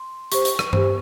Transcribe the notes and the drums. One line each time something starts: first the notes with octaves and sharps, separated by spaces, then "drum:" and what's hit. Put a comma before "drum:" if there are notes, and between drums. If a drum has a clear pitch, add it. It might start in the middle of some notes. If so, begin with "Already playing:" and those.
Already playing: C6
G4 C5 C#6, drum: hi-hat
drum: hi-hat
drum: rim click
G4 C5, drum: tom G2